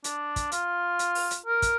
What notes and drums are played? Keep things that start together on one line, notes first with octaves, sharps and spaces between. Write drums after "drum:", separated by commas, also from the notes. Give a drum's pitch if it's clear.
D4, drum: hi-hat
drum: kick, hi-hat
F4, drum: hi-hat
drum: hi-hat
drum: open hi-hat
drum: hi-hat
A#4
drum: kick, hi-hat